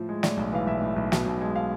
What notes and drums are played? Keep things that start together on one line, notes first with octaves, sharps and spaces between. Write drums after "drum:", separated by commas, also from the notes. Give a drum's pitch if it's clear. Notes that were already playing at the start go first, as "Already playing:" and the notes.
Already playing: A2 F3
G#3
A2 D5, drum: snare
B1
E3 F5
B1 E5
A2
B1
B2, drum: snare
B1
G#3
F5